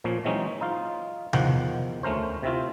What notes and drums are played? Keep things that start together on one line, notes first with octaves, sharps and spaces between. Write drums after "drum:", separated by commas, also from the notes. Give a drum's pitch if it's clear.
A#2 F3 A#3 C#4
E3 F#3 G#3 C4 C#4 D#4
D#4 F4 F5
E2 D#3 F3 F#5 G5, drum: tom C3
D2 A3 C#4 A#4 C5
C3 C4 E4 F4